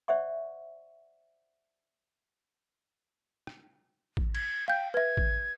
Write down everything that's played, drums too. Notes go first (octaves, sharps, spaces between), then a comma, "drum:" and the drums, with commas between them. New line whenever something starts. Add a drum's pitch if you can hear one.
C5 D5 E5 F#5 C#6
drum: rim click
drum: kick A1
G#6, drum: cymbal
F5 G5 G6
B4 E5 G#6
drum: kick A1